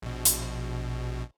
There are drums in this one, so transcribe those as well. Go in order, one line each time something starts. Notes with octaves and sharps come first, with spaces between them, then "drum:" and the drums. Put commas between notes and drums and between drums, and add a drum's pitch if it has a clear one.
A#1 B2
drum: hi-hat